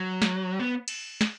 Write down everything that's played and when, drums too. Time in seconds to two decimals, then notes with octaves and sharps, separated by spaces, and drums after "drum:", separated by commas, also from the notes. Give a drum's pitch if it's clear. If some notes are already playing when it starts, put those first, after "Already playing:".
Already playing: F#3
0.22 drum: snare
0.60 B3
0.88 drum: cymbal
1.21 drum: snare